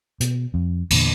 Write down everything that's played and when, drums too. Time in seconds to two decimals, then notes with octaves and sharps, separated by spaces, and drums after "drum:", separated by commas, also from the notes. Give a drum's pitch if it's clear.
0.20 B2, drum: hi-hat
0.54 F2
0.90 E2 A#2 D3, drum: cymbal